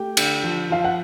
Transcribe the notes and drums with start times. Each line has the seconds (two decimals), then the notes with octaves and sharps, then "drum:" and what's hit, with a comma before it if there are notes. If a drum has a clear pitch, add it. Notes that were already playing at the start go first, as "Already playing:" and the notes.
Already playing: A3 G4 G5
0.17 D3, drum: cymbal
0.43 F3
0.70 F3 F5
0.84 F#5